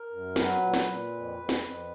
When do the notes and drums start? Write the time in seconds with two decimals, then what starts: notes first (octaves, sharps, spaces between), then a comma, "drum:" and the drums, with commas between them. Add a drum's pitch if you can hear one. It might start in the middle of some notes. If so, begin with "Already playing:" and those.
Already playing: A#4
0.11 F#2
0.36 F#3 B4, drum: snare
0.61 A#2
0.74 drum: snare
0.86 A#2
1.11 F2
1.37 F2
1.49 drum: snare
1.61 F2